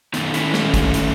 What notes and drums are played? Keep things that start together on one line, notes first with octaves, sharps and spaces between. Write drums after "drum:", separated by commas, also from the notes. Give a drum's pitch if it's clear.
D#3 A3 B3 D#4, drum: hi-hat
C#4 E4, drum: hi-hat
A3 C#4, drum: snare
drum: kick, hi-hat
drum: hi-hat